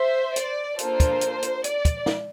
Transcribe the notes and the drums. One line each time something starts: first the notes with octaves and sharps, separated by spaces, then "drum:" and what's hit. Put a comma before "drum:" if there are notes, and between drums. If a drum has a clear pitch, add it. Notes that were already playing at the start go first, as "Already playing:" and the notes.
Already playing: C5 E5
D5, drum: hi-hat
A#3 D4 F4 A4 C5, drum: hi-hat
drum: kick, hi-hat
drum: hi-hat
drum: hi-hat
D5, drum: hi-hat
drum: kick, hi-hat
drum: snare